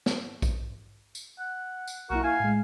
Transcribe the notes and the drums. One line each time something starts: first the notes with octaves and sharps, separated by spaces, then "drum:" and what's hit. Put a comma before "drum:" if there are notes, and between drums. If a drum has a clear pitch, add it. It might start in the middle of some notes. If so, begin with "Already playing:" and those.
drum: snare
drum: kick A#1, tambourine
drum: tambourine
F#5
drum: tambourine
B1 A#3 E4 F#4 A#4
E4 F5 G#5
A2 G#3